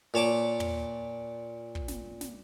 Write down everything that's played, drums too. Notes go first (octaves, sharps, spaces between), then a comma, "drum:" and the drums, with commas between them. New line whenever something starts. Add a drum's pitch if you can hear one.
A#2 C#5 A5 D6
drum: tom
drum: kick
drum: snare
drum: snare